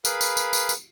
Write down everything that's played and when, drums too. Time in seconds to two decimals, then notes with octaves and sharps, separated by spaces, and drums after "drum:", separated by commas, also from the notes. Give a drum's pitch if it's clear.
0.05 G#4 A#4 B4 F5 B5, drum: tambourine
0.21 drum: tambourine
0.37 drum: tambourine
0.53 drum: tambourine
0.69 drum: tambourine